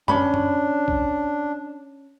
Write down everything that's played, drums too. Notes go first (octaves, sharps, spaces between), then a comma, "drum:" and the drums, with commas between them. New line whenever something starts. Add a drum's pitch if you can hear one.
C#4 D4 B5, drum: tom F#2
drum: tom F#2
drum: kick B1